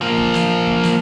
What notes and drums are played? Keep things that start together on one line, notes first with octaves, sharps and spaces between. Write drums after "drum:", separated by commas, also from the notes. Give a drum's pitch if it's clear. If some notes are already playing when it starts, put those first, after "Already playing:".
F3 A#3
drum: kick
drum: snare
drum: kick
drum: snare